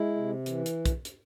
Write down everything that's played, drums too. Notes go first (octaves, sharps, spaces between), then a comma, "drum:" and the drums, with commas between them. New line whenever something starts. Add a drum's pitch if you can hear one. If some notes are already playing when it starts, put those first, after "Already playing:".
Already playing: G#3 E4
C3
E3, drum: hi-hat
drum: hi-hat
drum: kick, hi-hat
drum: hi-hat